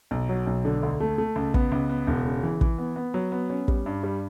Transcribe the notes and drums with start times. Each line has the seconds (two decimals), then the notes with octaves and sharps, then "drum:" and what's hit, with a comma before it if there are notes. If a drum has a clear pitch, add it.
0.11 B1
0.29 F#3
0.47 B1
0.65 D3
0.83 D2
1.00 A3
1.18 A3
1.36 C#2
1.54 B3, drum: kick
1.72 C#2
1.89 B3
2.07 E1
2.25 C#3
2.43 E3
2.61 E3, drum: kick
2.78 B3
2.96 B3
3.14 F#3
3.32 B3
3.50 C#4
3.68 G3, drum: kick
3.86 G2
4.03 G3